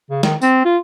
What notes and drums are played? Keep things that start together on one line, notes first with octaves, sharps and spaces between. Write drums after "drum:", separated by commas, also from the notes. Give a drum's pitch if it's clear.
C#3
D#3, drum: snare
C4, drum: tambourine
F4